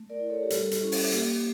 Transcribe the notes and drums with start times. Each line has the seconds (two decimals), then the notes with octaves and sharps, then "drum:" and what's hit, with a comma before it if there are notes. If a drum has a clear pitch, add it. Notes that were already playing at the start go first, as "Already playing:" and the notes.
Already playing: A3
0.10 A#4 D5
0.20 E4
0.30 A4 C#5
0.43 G4
0.50 G3 A4, drum: hi-hat
0.71 drum: hi-hat
0.82 C#4 E4
0.92 drum: open hi-hat
1.12 A#3 G4, drum: hi-hat